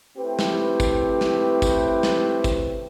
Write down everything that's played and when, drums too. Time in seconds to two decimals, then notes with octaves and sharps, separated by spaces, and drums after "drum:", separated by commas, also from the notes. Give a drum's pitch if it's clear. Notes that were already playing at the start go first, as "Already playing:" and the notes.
0.18 A3 C4 E4 G4 B4
0.39 drum: snare
0.80 drum: kick, tambourine
1.21 drum: snare
1.62 drum: kick, tambourine
2.03 drum: snare
2.44 drum: kick, tambourine